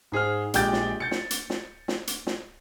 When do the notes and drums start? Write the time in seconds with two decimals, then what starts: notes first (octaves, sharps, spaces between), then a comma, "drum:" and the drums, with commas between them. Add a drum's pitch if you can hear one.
0.12 G#2 G#4 C5 F6
0.54 A#1 G#3 G4 G5 G6 A6, drum: hi-hat
0.73 drum: snare
1.00 G6 A6 C#7
1.11 drum: snare
1.31 drum: hi-hat
1.50 drum: snare
1.88 drum: snare
2.07 drum: hi-hat
2.27 drum: snare